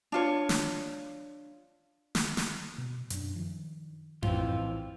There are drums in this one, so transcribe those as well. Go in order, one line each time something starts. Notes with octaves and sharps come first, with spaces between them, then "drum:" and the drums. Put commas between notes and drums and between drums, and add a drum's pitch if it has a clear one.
D4 F4 C#5
drum: snare
drum: snare
drum: snare
B2
F#2 D4, drum: hi-hat
D#3 F3
A2 E3 F3 C4 F4, drum: tom F2